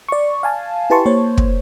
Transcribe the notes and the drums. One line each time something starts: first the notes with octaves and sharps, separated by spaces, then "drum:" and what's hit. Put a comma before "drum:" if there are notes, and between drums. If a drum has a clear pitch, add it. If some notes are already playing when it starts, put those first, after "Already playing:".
D5 C#6
F5 G#5 A5
E4 G4 B4 A5 C6 C#6
A#3 C5 C#5
drum: kick